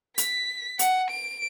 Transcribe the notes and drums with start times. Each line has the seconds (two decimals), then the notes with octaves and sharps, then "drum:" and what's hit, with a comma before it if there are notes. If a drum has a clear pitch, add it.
0.18 B6, drum: hi-hat
0.79 F#5, drum: hi-hat
1.11 D7